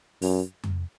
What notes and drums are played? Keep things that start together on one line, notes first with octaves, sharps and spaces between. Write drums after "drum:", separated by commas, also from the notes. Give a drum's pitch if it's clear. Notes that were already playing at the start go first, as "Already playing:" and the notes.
F#2, drum: open hi-hat
drum: tom F2